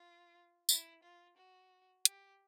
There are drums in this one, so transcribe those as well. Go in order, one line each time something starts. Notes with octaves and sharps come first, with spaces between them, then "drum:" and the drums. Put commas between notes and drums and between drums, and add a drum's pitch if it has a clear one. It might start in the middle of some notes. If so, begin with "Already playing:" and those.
Already playing: F4
E4, drum: tambourine
F4
F#4
G4, drum: hi-hat